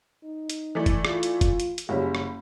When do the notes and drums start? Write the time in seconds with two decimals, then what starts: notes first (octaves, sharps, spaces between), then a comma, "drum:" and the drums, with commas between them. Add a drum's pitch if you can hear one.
0.24 D#4
0.50 drum: hi-hat
0.75 E3 A3 D5
0.86 drum: kick, hi-hat
1.05 F4, drum: rim click
1.23 drum: hi-hat
1.41 drum: kick, hi-hat
1.60 drum: hi-hat
1.78 drum: hi-hat
1.89 F#1 G3 C#4 G#4
2.15 drum: rim click